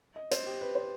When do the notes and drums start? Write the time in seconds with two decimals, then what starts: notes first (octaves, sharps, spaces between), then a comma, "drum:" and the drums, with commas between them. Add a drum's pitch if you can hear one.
0.16 D#5
0.31 C5, drum: hi-hat
0.46 G4
0.61 B4
0.75 C5